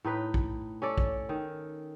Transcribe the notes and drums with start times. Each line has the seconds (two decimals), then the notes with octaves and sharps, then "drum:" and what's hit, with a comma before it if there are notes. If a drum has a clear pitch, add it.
0.04 A2 D#4 B4
0.34 drum: kick
0.82 C#4 A4 D5
0.98 drum: kick
1.29 D#3